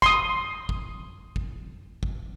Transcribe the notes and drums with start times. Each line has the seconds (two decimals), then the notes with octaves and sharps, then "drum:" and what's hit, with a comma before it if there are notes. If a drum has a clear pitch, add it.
0.02 C6 D#6, drum: kick
0.69 drum: kick
1.36 drum: kick
2.03 drum: kick